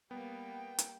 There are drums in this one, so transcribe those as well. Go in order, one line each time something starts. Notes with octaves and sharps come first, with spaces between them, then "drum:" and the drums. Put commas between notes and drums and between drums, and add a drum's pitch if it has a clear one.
G3 A#3 B3 G5
drum: hi-hat